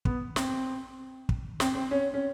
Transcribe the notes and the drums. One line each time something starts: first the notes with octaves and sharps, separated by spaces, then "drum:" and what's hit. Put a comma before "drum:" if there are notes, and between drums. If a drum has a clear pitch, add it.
B3, drum: kick
C4, drum: snare
drum: kick
C4, drum: snare
C4
C#4
C#4